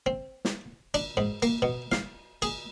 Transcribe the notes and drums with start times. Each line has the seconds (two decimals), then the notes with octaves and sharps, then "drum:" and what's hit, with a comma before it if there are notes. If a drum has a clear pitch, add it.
0.06 C4
0.45 drum: snare
0.94 D4, drum: cymbal
1.17 G#2
1.42 A#3, drum: cymbal
1.62 B2
1.92 F5, drum: snare
2.42 G#4, drum: cymbal